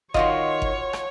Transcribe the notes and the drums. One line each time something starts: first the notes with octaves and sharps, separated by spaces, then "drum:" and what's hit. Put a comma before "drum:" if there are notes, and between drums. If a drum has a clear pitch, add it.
D#3 F4 F#4 C#5 D#5 C6, drum: kick G1
drum: kick G1
drum: rim click